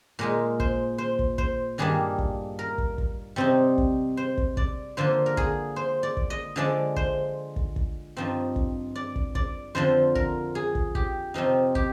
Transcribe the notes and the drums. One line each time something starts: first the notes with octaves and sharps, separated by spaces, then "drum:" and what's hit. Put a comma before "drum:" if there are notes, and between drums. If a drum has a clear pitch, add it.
A#2 G#3 D#4 A#4
C5, drum: kick
C5
drum: kick
C5, drum: kick
G2 D#3 G3 A#3 D4 G#4
drum: kick
A#4
drum: kick
drum: kick
C3 G3 C4 D#4
drum: kick
C5
drum: kick
D5, drum: kick
D3 F3 A#3 C5
A#4
G#4, drum: kick
C5
D5
drum: kick
D#5
D3 F3 G#3 D5
C5, drum: kick
drum: kick
drum: kick
G2 F3 C4 D#4
drum: kick
D5
drum: kick
D5, drum: kick
F2 D3 F3 C5
A#4, drum: kick
G#4
drum: kick
G4, drum: kick
C3 F3 C4 D#4 F4
G4, drum: kick